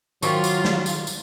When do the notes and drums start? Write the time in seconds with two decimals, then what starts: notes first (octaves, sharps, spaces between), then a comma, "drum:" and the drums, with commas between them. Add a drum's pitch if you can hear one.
0.23 D#3 F#3 C4 F4 G4 C#6, drum: tambourine
0.44 drum: tambourine
0.65 drum: snare
0.86 drum: tambourine
1.07 drum: tambourine